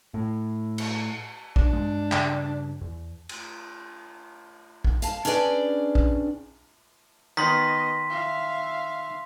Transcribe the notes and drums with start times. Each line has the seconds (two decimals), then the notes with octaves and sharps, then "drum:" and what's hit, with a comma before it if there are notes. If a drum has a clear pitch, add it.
0.14 A2
0.78 drum: cymbal
1.56 D4, drum: kick
1.73 G2 G#3
2.12 G2 C#3, drum: clap
2.81 E2
3.29 drum: cymbal
4.84 drum: kick
5.02 F5 A5, drum: hi-hat
5.25 C#4 D4 G#4 B4 D5 G5
5.95 drum: kick
7.37 D#3 B3 D#5 C6 B6
8.10 E5 F5